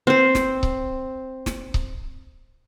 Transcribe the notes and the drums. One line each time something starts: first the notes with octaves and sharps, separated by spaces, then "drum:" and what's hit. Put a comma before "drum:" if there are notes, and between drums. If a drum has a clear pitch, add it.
C4 C5
drum: snare
drum: kick C#1
drum: snare
drum: kick C#1